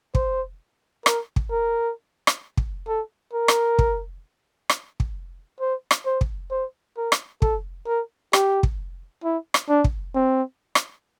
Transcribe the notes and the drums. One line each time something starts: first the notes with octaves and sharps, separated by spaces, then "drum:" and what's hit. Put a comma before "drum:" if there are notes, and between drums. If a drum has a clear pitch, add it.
C5, drum: kick
A#4, drum: rim click
drum: kick
A#4
drum: rim click
drum: kick
A4
A#4
drum: rim click
drum: kick
drum: rim click
drum: kick
C5
drum: rim click
C5
drum: kick
C5
A#4
drum: rim click
A4, drum: kick
A#4
G4, drum: rim click
drum: kick
E4
drum: rim click
D4
drum: kick
C4
drum: rim click